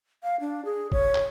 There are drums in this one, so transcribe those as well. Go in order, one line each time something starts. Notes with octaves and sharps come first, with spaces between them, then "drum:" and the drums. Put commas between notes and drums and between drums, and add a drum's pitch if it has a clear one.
F5
D4
G#4
C#5, drum: kick
drum: clap